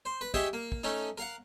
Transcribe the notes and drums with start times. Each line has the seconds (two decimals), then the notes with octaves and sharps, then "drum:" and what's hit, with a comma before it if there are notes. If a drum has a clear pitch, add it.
0.05 C5
0.21 B4
0.34 G4 G#4 C#5 D#5 E5 G5, drum: kick
0.53 A#3
0.72 drum: kick
0.83 A3 C#4 D#4 A#5
1.18 A#4 F5 F#5